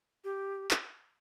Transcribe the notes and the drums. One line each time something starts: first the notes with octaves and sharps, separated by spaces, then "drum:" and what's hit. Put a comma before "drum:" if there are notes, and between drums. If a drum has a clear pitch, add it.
G4
drum: clap